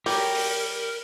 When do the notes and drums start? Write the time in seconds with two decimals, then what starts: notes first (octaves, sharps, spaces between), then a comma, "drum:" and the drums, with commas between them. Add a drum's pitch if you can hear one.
0.06 G3 G4 A#4 C#5, drum: open hi-hat
0.35 drum: open hi-hat